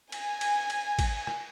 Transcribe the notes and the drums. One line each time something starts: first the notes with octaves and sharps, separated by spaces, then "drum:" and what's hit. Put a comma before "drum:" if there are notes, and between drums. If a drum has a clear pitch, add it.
G#5, drum: cymbal
drum: cymbal
drum: cymbal
drum: kick, cymbal
drum: rim click